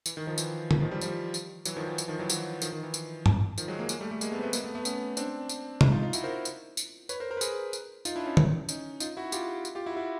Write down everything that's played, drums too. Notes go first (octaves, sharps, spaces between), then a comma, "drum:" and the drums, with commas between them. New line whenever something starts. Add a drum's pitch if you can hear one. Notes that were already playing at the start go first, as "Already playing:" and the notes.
E3, drum: tambourine
D#3
D#3 F3
E3, drum: tambourine
E3, drum: tom D3
D#3 F3
F3 G3
F3 G3, drum: tambourine
drum: tambourine
E3 F#3, drum: tambourine
D#3 F3
E3
E3, drum: tambourine
D#3 F3
E3 F#3
E3 F#3, drum: tambourine
D#3 F3, drum: tambourine
D#3
E3
drum: tambourine
drum: tom G2
D#3 F3, drum: tambourine
F#3 G#3
G#3 A#3
G#3 A#3, drum: tambourine
G3 A3
A3
G#3 A#3, drum: tambourine
A3 B3
C4
A3 B3
G#3 A#3, drum: tambourine
A3 B3
A3 B3
B3 C#4, drum: tambourine
C4 D4, drum: tambourine
drum: tambourine
D4 E4, drum: tom C3
D#4 F4
D#4 F4
E4 F#4, drum: tambourine
A#4 C5
drum: tambourine
drum: tambourine
B4 C#5, drum: tambourine
A#4 C5
A#4 C5
B4
G#4 A#4, drum: tambourine
drum: tambourine
D#4 F4, drum: tambourine
D4 E4
C#4 D#4
drum: tom D3
C#4 D#4, drum: tambourine
D#4 F4, drum: tambourine
E4 F#4
F4 G4, drum: tambourine
drum: tambourine
F4 G4
E4 F#4
E4 F#4